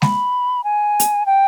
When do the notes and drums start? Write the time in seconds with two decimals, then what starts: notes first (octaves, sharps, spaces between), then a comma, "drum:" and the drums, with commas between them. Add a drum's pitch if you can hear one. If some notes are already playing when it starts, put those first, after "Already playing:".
0.02 B5, drum: snare G#3
0.64 G#5
1.00 drum: hi-hat
1.26 G5